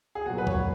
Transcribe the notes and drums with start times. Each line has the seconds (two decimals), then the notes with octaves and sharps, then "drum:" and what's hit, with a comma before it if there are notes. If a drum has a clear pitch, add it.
0.15 G#4
0.25 B1 A#2 F#3 F#4
0.38 B4
0.47 C#5, drum: kick